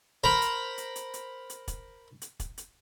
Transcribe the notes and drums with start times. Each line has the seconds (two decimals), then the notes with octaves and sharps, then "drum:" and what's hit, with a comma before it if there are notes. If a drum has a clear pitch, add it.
0.24 A#4 C5 A#5 B5
0.42 drum: hi-hat
0.78 drum: hi-hat
0.96 drum: hi-hat
1.14 drum: hi-hat
1.50 drum: hi-hat
1.68 drum: kick, hi-hat
2.22 drum: hi-hat
2.40 drum: kick, hi-hat
2.58 drum: hi-hat